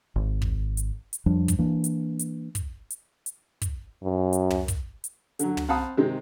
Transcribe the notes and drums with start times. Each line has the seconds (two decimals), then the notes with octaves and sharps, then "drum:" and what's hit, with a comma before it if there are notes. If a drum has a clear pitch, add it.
0.16 G#1
0.42 drum: kick
0.77 drum: hi-hat
1.13 drum: hi-hat
1.26 F2 F3 G3 D4
1.48 drum: kick, hi-hat
1.59 E3 A#3 D4
1.84 drum: hi-hat
2.19 drum: hi-hat
2.55 drum: kick, hi-hat
2.90 drum: hi-hat
3.26 drum: hi-hat
3.62 drum: kick, hi-hat
4.03 F#2
4.33 drum: hi-hat
4.50 drum: tom
4.68 drum: kick, hi-hat
5.04 drum: hi-hat
5.39 D3 F#3, drum: hi-hat
5.57 drum: tom
5.68 C4 F5 F#5 A5 B5 D#6
5.97 C3 D#3 G#3 C4